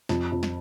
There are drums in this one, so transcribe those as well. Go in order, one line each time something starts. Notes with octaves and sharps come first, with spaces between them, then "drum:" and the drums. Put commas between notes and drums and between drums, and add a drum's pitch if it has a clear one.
F2, drum: snare
F2
drum: snare